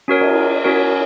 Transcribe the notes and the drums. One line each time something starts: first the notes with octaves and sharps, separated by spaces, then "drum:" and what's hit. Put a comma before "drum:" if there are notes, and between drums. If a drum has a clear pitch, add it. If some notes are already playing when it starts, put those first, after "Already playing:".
C#4 F#4 A#4 C#5
drum: cymbal
C#4 F#4 A#4 C#5